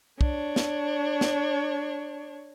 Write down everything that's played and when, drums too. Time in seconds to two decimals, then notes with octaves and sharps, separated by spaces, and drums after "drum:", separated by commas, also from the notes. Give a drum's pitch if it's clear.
0.21 D4 C#5, drum: kick
0.56 drum: snare
1.21 drum: snare